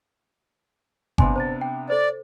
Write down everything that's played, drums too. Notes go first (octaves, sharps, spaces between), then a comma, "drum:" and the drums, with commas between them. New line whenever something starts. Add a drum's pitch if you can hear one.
C3 B3 D4 G#5 C6, drum: kick G1
C5 A5 A6
G5
A4 C5 D5